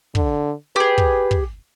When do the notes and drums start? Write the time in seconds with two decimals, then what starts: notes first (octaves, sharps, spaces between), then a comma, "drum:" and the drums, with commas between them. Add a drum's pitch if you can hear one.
0.15 D3, drum: kick
0.76 G4 G#4 B4
0.98 drum: kick
1.31 drum: kick